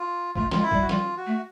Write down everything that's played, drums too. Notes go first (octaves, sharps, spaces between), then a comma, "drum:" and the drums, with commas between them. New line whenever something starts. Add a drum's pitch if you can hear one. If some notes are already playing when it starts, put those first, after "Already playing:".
Already playing: F4
A3 F4, drum: kick
G#3 F4, drum: snare
E4
G3, drum: kick
F#4
G3 F4, drum: snare
F#4
A3